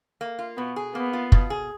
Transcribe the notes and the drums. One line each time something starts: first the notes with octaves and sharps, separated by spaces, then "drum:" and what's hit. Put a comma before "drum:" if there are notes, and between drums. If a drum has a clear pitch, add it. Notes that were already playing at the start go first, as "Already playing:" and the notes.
A#3
F4
B2 B3
G#4
A#3 B3
F4
B2, drum: kick
G#4